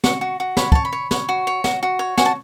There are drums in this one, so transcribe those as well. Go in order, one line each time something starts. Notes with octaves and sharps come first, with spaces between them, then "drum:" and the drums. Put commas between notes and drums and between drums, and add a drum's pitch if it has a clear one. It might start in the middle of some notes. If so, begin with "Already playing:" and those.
F#4 C#6, drum: snare
F#4
F#4
C#5 B5, drum: snare
C#5 A5, drum: kick
B5
C#5
C#5, drum: snare
F#4
C#5
F#4, drum: snare
F#4
C#5
F#4 G#5, drum: snare
A5